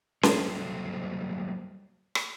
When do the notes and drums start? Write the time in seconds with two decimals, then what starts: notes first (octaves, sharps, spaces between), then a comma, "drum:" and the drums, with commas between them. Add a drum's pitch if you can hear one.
0.23 F#3 G3 A#3 A4 C5, drum: snare C#4
2.15 drum: rim click